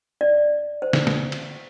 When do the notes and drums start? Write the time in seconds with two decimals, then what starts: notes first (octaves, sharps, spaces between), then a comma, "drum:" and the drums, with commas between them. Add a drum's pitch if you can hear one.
0.21 D5
0.82 C5
0.93 drum: snare
1.07 drum: snare
1.32 drum: cymbal